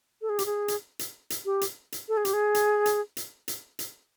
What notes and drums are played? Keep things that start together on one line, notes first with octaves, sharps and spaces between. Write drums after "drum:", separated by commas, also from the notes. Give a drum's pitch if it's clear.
A4
G#4
G4, drum: hi-hat
G#4
drum: hi-hat
drum: hi-hat
drum: hi-hat
G4
drum: hi-hat
drum: hi-hat
A4
G#4
G4, drum: hi-hat
G#4
drum: hi-hat
drum: hi-hat
drum: hi-hat
drum: hi-hat
drum: hi-hat